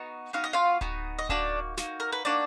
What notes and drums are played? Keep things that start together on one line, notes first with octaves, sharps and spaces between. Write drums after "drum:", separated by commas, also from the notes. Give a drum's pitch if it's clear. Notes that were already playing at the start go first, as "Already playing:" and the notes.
Already playing: B3 D#4 F#4
B3 D#4 F#4 F5
D#5
F4 F5
B3 D#4 F#4, drum: kick D1
D#5
A#3 D4 D#4 F#4 D5, drum: kick D1
A#3 D#4 F#4, drum: snare
A#4
B4
A#3 D4 D#4 F#4 D5